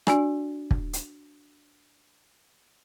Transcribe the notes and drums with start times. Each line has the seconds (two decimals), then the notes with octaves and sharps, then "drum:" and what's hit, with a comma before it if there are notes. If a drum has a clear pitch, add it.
0.07 D4 F#4 D5 G#5, drum: rim click
0.71 drum: kick
0.93 drum: hi-hat